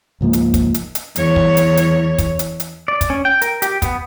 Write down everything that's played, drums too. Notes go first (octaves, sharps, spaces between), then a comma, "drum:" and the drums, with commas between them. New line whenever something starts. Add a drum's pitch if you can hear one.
C#2 G#2 F3 A#3
drum: hi-hat
drum: kick, hi-hat
drum: hi-hat
drum: hi-hat
E2 C#5, drum: hi-hat
drum: kick
drum: hi-hat
drum: hi-hat
drum: kick, hi-hat
drum: hi-hat
drum: hi-hat
D5
drum: kick, hi-hat
C#4
G5
A#4, drum: hi-hat
G4, drum: hi-hat
B3, drum: kick, hi-hat